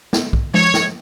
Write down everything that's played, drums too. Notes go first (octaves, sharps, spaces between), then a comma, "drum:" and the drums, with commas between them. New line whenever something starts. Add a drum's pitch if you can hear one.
B3, drum: snare
drum: kick
F3 C#5, drum: tom G#3
drum: snare